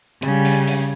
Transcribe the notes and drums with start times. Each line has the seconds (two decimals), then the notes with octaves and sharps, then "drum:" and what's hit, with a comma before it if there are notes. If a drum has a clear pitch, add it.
0.22 C#3 G3, drum: hi-hat
0.45 drum: open hi-hat
0.67 drum: open hi-hat